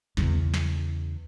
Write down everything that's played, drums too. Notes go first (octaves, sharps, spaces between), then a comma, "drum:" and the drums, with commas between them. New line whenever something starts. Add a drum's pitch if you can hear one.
E2 C#3, drum: snare
drum: kick B1
drum: snare